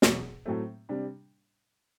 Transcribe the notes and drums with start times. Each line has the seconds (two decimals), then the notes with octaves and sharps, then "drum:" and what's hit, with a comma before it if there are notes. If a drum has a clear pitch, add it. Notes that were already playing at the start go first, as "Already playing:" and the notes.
0.02 E2 B2 F#3, drum: snare
0.45 A2 F#3 A3 C4
0.89 C3 G3 D4